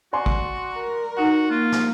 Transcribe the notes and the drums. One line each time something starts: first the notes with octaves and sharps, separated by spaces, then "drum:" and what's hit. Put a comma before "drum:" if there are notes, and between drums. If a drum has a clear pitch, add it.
F#4 D5 G#5 C6
drum: kick
A#4
D#4 F#4 F#5
A#3 F4
drum: snare